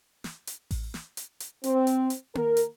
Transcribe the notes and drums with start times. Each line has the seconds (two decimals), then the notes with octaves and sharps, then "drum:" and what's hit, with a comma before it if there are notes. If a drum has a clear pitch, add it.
0.24 drum: snare
0.47 drum: hi-hat
0.71 drum: kick A1, open hi-hat
0.94 drum: snare
1.17 drum: hi-hat
1.40 drum: hi-hat
1.64 C4, drum: hi-hat
1.87 drum: hi-hat
2.10 drum: hi-hat
2.35 A#4, drum: tom A#3
2.57 drum: hi-hat